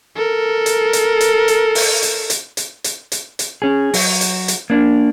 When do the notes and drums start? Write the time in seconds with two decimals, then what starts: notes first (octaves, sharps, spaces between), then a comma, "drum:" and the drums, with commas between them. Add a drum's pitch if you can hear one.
0.16 A4 A#4
0.66 drum: hi-hat
0.93 drum: hi-hat
1.21 drum: hi-hat
1.48 drum: hi-hat
1.75 drum: open hi-hat
2.02 drum: hi-hat
2.30 drum: hi-hat
2.57 drum: hi-hat
2.84 drum: hi-hat
3.12 drum: hi-hat
3.39 drum: hi-hat
3.62 C#4 G#4
3.94 F#3, drum: open hi-hat
4.21 drum: hi-hat
4.48 drum: hi-hat
4.70 A#3 D4